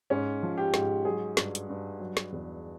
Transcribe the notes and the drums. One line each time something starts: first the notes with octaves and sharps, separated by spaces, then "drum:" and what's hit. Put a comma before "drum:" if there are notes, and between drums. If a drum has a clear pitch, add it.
G#2 C#4
F3
G4
G#2, drum: snare
F#3 G#4
G2, drum: snare
drum: hi-hat
G2
F#3
drum: snare
E2